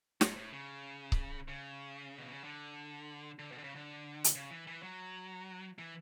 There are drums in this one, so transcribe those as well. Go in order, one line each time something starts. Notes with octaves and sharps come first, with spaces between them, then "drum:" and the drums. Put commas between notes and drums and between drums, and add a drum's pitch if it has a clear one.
G#2, drum: snare
A2
C#3
drum: kick C#1
C#3
B2
C#3
D3
D3
B2
D3
C#3
D3
drum: hi-hat
C#3
E3
E3
F#3
E3